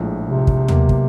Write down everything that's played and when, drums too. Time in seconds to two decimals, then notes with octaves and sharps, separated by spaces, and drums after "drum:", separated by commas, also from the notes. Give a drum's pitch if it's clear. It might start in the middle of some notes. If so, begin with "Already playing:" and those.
Already playing: A#1 A2 F3 G#3
0.26 C3
0.47 drum: kick
0.68 B2 F#3 A#3, drum: tom D#2
0.89 drum: kick